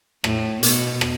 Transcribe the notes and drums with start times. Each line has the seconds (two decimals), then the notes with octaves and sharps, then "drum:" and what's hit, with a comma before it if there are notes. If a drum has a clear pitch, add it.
0.24 A2, drum: rim click
0.63 B2, drum: hi-hat
1.01 drum: rim click